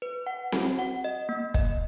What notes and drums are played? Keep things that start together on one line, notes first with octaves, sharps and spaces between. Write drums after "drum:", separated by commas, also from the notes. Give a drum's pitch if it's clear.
B4
F#5
F#4, drum: snare C4
F#5
D#5
A#3
D#5, drum: kick